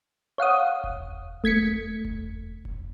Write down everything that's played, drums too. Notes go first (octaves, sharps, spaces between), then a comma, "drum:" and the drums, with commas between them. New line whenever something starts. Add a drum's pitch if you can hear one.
C#5 F5 F#5 D#6
drum: kick E1
A3 G#6 B6 C#7, drum: kick E1
drum: kick E1
drum: kick E1